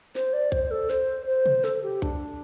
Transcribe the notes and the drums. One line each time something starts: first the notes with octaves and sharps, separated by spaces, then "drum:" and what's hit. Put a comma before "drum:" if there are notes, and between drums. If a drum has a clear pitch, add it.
C5, drum: snare
D5
C5, drum: kick B1
A4
C5, drum: snare
C5
drum: tom B2
A4, drum: snare
G4
D4, drum: kick B1